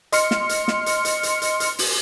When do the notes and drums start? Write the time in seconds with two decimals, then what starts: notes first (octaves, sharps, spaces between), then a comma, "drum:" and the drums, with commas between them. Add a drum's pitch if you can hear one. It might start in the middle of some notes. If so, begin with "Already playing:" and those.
0.12 D#5 C6 F6 C#7, drum: hi-hat
0.31 drum: snare
0.49 drum: hi-hat
0.68 drum: snare
0.86 drum: hi-hat
1.05 drum: hi-hat
1.23 drum: hi-hat
1.42 drum: hi-hat
1.60 drum: hi-hat
1.79 drum: open hi-hat